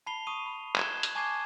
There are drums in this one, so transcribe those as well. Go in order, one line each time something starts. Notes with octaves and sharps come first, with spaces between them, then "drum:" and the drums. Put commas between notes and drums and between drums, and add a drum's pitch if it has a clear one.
A5 B5 C7 F7 G7
C#6 D#6 D#7
B5
F#6 G#6 E7 G7, drum: clap
drum: hi-hat
G#5 A5 C#6 D6 G#6 C7